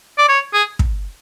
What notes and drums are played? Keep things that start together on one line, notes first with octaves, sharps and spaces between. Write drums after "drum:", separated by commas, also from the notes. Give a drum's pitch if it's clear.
D5
C#5
G#4
drum: kick